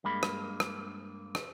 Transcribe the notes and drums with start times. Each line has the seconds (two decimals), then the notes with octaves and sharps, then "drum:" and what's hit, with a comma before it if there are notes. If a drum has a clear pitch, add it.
0.04 G2 G#3 A#3 B5
0.23 drum: rim click
0.60 drum: rim click
1.35 drum: rim click